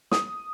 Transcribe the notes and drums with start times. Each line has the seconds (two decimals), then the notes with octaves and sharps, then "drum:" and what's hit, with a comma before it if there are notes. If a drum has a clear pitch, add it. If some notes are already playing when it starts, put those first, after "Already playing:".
0.11 D#6, drum: snare